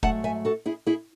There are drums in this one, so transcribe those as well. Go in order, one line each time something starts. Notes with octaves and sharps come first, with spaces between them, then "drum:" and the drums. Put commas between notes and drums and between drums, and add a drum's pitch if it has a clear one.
G#2 F#3 A3 F#5 A5, drum: kick
E5 G#5
F#4 A4
E4 G#4
E4 G#4